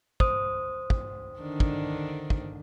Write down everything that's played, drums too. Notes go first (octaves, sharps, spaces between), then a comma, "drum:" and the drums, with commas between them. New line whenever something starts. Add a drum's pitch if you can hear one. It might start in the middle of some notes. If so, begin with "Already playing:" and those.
C5 D#6, drum: kick
drum: kick
D3 D#3 D4
drum: kick
drum: kick